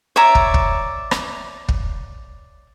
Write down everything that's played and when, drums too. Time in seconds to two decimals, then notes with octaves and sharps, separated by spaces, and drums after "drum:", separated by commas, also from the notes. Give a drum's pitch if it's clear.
0.16 C#5 D5 E5 A#5
0.35 drum: kick
0.54 drum: kick
1.11 drum: rim click
1.68 drum: kick